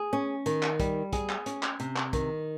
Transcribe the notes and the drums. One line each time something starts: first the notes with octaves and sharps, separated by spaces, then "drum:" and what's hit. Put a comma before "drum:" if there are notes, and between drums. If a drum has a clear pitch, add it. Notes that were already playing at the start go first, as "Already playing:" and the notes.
Already playing: G#4
C#4
D#3, drum: hi-hat
drum: clap
G3, drum: kick, hi-hat
G#4, drum: kick, hi-hat
drum: clap
C#4, drum: hi-hat
drum: clap
C3, drum: hi-hat
drum: clap
D#3, drum: kick, hi-hat